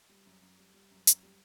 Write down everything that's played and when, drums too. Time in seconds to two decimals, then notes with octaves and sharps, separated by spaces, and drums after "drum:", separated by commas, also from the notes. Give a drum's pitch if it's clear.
0.09 G3
0.26 F#2
0.42 F#2
0.58 G3
0.74 G3
0.91 F#2
1.07 F#2, drum: hi-hat
1.23 G3